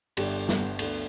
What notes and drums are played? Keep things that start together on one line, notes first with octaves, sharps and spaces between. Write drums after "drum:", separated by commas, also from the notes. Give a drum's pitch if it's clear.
G1 G2 D3 G4, drum: cymbal
B3, drum: snare
D2 D3, drum: cymbal